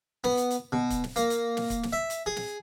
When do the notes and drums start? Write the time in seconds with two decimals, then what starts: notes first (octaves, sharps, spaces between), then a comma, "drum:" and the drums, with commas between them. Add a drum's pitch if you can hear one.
0.24 B3, drum: snare
0.37 drum: hi-hat
0.51 drum: hi-hat
0.72 B2
0.90 drum: kick C#1, hi-hat
1.04 drum: snare
1.16 A#3, drum: hi-hat
1.30 drum: hi-hat
1.57 drum: snare
1.70 drum: kick C#1, hi-hat
1.83 drum: snare
1.93 E5
2.10 drum: hi-hat
2.26 G#4
2.36 drum: snare